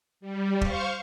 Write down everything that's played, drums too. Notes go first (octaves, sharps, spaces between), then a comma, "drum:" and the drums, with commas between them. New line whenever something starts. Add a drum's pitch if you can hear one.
G3
C5 F5 C#6, drum: kick